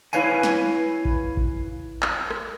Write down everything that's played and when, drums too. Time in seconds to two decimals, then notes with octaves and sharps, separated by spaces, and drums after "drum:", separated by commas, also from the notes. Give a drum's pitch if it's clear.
0.13 E4 F4 B4 C#5 F5 G#5, drum: tambourine
0.43 drum: snare
1.05 drum: kick A1
1.37 drum: kick A1
2.02 drum: clap
2.30 drum: rim click